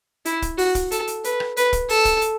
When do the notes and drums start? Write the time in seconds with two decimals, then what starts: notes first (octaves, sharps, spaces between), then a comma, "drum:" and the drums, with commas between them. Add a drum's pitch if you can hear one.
0.25 E4, drum: hi-hat
0.42 drum: kick, hi-hat
0.58 F#4, drum: open hi-hat
0.75 drum: kick, hi-hat
0.91 A4, drum: hi-hat
1.07 drum: hi-hat
1.24 B4, drum: hi-hat
1.40 drum: rim click
1.57 B4, drum: hi-hat
1.73 drum: kick, hi-hat
1.89 A4, drum: open hi-hat
2.05 drum: kick, hi-hat
2.21 drum: hi-hat